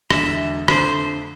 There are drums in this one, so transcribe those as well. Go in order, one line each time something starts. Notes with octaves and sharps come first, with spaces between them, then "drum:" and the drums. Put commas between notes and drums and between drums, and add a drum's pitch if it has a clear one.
E1 E2 D3 E5, drum: rim click
F2 D3 A3 C5, drum: rim click